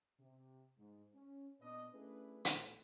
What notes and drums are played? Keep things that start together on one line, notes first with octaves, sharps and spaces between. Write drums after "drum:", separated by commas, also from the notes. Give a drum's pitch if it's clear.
C3
G#2
C#4
A#2 B3 D4 B4 D#5
A3 C#4 D4 E4 G#4 B4
A#1 D#2 A2, drum: hi-hat